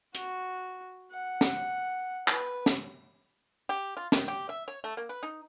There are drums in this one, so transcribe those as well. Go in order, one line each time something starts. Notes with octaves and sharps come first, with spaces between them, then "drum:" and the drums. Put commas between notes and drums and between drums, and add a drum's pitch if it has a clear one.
F#4, drum: hi-hat
F#5
drum: snare
B4, drum: clap
drum: snare
G4
F4
D#3, drum: snare
G4
E5
C#5
A3
A#3
B4
D#4